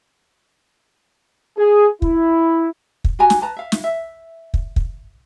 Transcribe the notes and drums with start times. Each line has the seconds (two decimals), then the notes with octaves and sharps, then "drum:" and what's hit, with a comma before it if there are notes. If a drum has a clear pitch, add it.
1.57 G#4
2.02 E4, drum: kick
3.04 drum: kick
3.19 F#4 G4 G#5 A#5
3.30 drum: snare
3.41 B4 A5 A#5
3.56 E5 F5
3.72 drum: snare
3.84 E5
4.54 drum: kick
4.76 drum: kick